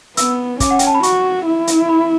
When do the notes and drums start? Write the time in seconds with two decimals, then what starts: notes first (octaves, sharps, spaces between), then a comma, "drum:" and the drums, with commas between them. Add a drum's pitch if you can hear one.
0.17 B3 E6, drum: hi-hat
0.60 C#4 D6, drum: kick, hi-hat
0.71 F#5
0.79 G5, drum: hi-hat
0.87 A5
0.95 B5
1.03 F#4 C#6, drum: hi-hat
1.46 E4
1.67 drum: hi-hat
1.89 B5